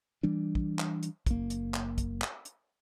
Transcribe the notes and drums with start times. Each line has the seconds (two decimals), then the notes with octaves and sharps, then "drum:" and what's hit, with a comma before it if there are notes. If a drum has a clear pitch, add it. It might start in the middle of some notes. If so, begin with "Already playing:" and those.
0.23 E3 G3 D4
0.55 drum: kick
0.79 drum: clap
1.03 drum: hi-hat
1.26 F#1 A#3, drum: kick, hi-hat
1.50 drum: hi-hat
1.74 drum: clap
1.98 drum: kick, hi-hat
2.21 drum: clap
2.45 drum: hi-hat